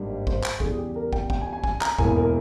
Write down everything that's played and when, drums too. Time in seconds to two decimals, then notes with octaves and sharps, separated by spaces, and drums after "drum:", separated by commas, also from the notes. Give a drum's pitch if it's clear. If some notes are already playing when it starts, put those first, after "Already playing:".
Already playing: G#1 G2 G3 A#3
0.27 C5, drum: kick
0.44 drum: clap
0.60 E2 C#3 G3 G#4, drum: kick
0.78 G4
0.96 A#4
1.13 G5, drum: kick
1.30 G5, drum: kick
1.41 G#5
1.53 G#5
1.64 G#5, drum: kick
1.81 A#5, drum: clap
1.98 E1 E2 E3 A#3 G#5, drum: kick
2.16 A#4